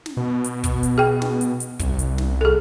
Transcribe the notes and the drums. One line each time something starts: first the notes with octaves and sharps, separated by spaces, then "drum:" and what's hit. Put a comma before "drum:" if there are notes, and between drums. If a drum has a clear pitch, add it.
drum: snare
B2
drum: hi-hat
drum: kick, hi-hat
drum: hi-hat
G#4 G5
drum: snare
drum: hi-hat
drum: hi-hat
C2, drum: kick, hi-hat
drum: hi-hat
drum: snare
G#4 A4